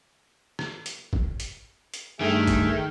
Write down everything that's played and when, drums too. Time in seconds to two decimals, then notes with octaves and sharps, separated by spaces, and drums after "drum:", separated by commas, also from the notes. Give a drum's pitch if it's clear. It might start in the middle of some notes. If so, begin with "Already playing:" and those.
0.59 drum: rim click
0.86 drum: hi-hat
1.13 drum: kick G#1
1.40 drum: hi-hat
1.94 drum: hi-hat
2.20 G2 D#3 A3 G#4 E5 G#5
2.47 drum: kick G#1, hi-hat